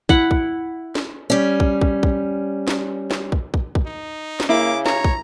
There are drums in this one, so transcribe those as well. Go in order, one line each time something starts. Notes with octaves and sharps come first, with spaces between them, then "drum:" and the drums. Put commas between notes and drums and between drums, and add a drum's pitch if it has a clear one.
E4 F#5, drum: kick
drum: kick
drum: snare
G3 C#4
drum: kick
drum: kick
drum: kick
drum: snare
drum: snare
drum: kick
drum: kick
drum: kick
D#4
drum: snare
C#3 A#3 E4 D6
C#5 A#5, drum: snare
drum: kick